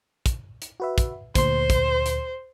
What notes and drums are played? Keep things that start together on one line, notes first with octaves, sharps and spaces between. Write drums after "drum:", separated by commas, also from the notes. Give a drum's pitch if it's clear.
drum: kick, hi-hat
drum: hi-hat
F#4 B4 E5
drum: kick, hi-hat
D2 A#2 C5 C6, drum: kick, hi-hat
drum: kick, hi-hat
drum: hi-hat